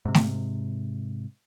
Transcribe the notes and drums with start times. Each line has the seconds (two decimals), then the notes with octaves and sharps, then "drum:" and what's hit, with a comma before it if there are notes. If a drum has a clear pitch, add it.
0.05 G#2 C3
0.14 drum: snare A3